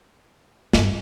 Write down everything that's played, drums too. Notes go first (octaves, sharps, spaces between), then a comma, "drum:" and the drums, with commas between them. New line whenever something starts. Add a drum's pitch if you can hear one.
G2, drum: snare